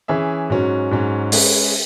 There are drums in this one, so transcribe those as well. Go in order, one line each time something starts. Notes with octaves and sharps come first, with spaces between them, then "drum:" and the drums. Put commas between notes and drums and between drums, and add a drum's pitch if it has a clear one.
E3 C#4 G#4 E5
G#2 F#3 C#4 F#4
G#2 F#3 C#4 F#4
G#3 C#4 G#4 B4, drum: open hi-hat